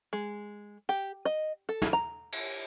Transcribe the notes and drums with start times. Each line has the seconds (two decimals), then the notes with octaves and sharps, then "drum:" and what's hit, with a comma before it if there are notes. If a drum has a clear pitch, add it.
0.13 G#3
0.89 G4
1.25 D#5
1.69 A4
1.82 drum: snare
1.93 A#5
2.32 drum: cymbal